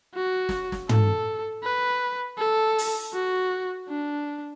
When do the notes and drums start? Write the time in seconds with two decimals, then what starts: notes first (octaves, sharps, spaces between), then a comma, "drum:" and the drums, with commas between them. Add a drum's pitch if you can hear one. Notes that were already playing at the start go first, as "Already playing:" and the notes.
0.15 F#4
0.49 drum: snare
0.72 drum: snare
0.89 A4, drum: tom
1.64 B4
2.39 A4
2.78 drum: open hi-hat
3.14 F#4
3.89 D4